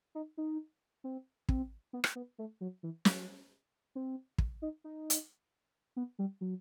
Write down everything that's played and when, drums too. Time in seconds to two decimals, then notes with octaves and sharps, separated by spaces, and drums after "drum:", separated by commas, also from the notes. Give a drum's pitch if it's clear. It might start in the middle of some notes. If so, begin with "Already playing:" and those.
0.15 D#4
0.37 D#4
1.04 C4
1.49 C4, drum: kick
1.93 B3
2.04 drum: rim click
2.15 B3
2.38 A3
2.61 F#3
2.83 E3
3.05 F#3, drum: snare
3.95 C4
4.38 drum: kick
4.62 D#4
4.84 D#4
5.10 drum: hi-hat
5.96 B3
6.19 G3
6.41 F#3